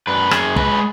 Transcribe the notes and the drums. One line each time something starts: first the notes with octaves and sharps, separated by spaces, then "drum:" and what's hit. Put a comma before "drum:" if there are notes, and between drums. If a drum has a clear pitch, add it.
F#2 B4
F#2 G#4, drum: rim click
G#3 B4, drum: kick